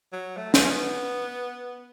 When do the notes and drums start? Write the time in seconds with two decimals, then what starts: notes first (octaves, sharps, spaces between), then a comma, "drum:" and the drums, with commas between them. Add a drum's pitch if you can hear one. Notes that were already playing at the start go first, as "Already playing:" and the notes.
0.13 F#3
0.37 A3
0.54 B3, drum: snare
0.65 C#4
0.71 B3